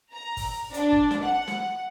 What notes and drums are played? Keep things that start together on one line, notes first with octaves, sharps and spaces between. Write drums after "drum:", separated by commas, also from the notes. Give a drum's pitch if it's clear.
A#5
drum: kick G1, open hi-hat
D4, drum: hi-hat
drum: kick G1
drum: snare
F#5
drum: snare